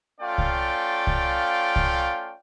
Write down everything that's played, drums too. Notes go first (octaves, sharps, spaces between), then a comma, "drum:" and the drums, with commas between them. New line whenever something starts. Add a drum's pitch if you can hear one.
A3 C#4 F4 D5 F5 G5
drum: kick C2
drum: kick C2
drum: kick C2